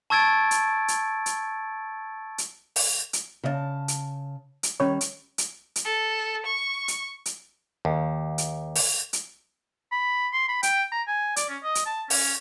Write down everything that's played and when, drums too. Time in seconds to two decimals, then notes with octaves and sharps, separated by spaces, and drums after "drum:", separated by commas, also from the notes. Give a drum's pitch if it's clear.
0.10 A5 C#6 E6 G#6 A6 D7
0.51 drum: hi-hat
0.88 drum: hi-hat
1.26 drum: hi-hat
2.38 drum: hi-hat
2.76 drum: open hi-hat
3.13 drum: hi-hat
3.43 C#3 D#5 A5
3.88 drum: hi-hat
4.63 drum: hi-hat
4.80 D#3 G3 C#4 C#5 B5
5.01 drum: hi-hat
5.38 drum: hi-hat
5.76 drum: hi-hat
5.85 A4
6.46 C#6
6.88 drum: hi-hat
7.26 drum: hi-hat
7.85 D#2
8.38 drum: hi-hat
8.75 drum: open hi-hat
9.13 drum: hi-hat
9.92 B5
10.33 C6
10.48 B5
10.63 G5, drum: hi-hat
10.92 A#5
11.07 G#5
11.36 D5, drum: hi-hat
11.49 C#4
11.63 D#5
11.75 drum: hi-hat
11.86 A5
12.10 C#4, drum: open hi-hat